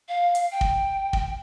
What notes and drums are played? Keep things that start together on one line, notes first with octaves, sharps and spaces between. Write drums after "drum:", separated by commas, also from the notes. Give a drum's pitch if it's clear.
F5
drum: hi-hat
G5
drum: kick
drum: kick